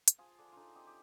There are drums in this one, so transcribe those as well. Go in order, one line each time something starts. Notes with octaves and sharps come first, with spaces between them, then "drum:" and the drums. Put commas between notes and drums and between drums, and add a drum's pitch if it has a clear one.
drum: hi-hat
F3 F4 G#4
D3 D4
D3 D#4 F4
C4 D#4 G4
G4